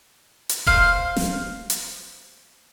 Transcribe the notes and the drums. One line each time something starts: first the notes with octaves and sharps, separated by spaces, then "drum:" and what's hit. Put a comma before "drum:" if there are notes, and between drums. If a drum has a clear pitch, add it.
drum: hi-hat
C5 F5, drum: kick E1
drum: snare
drum: hi-hat